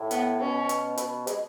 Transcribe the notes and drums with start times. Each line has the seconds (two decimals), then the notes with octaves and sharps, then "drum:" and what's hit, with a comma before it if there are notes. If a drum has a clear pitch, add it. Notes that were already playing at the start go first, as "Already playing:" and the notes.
Already playing: A2
0.11 B3, drum: hi-hat
0.40 B2 C#4
0.69 drum: hi-hat
0.97 B2, drum: hi-hat
1.27 G#3, drum: hi-hat